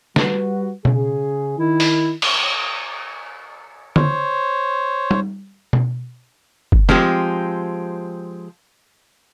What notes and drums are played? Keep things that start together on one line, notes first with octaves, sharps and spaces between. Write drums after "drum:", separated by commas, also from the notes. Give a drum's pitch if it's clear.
G3 F#4 B4, drum: snare
C#3 G#4, drum: tom B2
D#3 E4
drum: open hi-hat
drum: cymbal
C5 C#5, drum: tom D3
drum: tom G3
drum: tom B2
drum: kick
F3 G#3 C4 G4, drum: snare